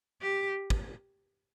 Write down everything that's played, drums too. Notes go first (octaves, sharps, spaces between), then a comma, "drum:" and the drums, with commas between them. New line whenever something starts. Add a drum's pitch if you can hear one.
G4
drum: kick